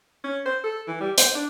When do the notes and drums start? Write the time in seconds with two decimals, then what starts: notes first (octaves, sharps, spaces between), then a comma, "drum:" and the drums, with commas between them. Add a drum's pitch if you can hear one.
0.24 C#4
0.46 C5
0.64 A4
0.87 E3
1.00 G3
1.18 C5, drum: hi-hat
1.35 D4